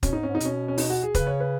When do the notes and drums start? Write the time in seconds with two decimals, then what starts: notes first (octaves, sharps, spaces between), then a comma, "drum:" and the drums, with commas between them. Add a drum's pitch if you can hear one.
0.03 B2 C#4, drum: kick, hi-hat
0.13 G#2 D#4
0.23 G#2 C#4
0.35 D#4
0.40 B2 C#4, drum: hi-hat
0.68 C#4
0.78 D#4, drum: open hi-hat
0.90 F#4
1.02 G#4
1.15 C#3 B4, drum: kick, hi-hat
1.27 C#5
1.40 B4